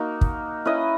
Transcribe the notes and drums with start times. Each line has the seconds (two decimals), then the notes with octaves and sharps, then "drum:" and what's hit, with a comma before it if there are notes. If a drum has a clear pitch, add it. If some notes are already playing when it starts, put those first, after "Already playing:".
Already playing: A#3 D#4 F#4 A#4
0.21 drum: kick
0.65 C#4 E4 B4 D#5